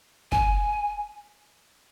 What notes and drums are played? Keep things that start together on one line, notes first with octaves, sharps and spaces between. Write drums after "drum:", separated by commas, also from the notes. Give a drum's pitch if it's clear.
G#5, drum: kick